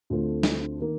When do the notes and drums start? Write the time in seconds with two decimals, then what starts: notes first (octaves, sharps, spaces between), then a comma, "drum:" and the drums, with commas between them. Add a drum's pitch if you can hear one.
0.10 D2 D3 A3 C4 F4
0.43 drum: snare
0.79 D#3 A#3